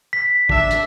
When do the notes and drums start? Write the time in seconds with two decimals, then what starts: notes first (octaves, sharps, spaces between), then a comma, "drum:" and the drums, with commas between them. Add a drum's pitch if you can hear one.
0.13 B6
0.49 D4 E5, drum: kick
0.71 drum: hi-hat